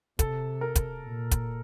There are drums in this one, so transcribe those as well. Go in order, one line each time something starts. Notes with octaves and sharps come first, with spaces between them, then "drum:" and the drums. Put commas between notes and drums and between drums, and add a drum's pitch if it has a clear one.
C3 A4, drum: kick, hi-hat
A#4
drum: kick, hi-hat
A#2
drum: kick, hi-hat